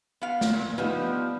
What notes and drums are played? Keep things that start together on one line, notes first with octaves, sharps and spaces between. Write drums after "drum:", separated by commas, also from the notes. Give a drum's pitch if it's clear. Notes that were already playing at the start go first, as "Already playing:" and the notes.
B3 F5
drum: snare
A#2
F3 G3 B3 D#4